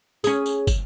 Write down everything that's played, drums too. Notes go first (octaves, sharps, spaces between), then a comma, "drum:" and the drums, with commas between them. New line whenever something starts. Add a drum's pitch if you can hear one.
C#4 G#4, drum: tambourine
drum: tambourine
drum: kick, tambourine